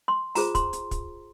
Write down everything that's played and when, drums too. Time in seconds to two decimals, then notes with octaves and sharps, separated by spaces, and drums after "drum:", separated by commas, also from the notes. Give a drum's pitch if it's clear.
0.08 C6
0.35 F4 G#4 C5 A#5, drum: open hi-hat
0.55 C6, drum: kick, hi-hat
0.73 drum: hi-hat
0.91 drum: kick, hi-hat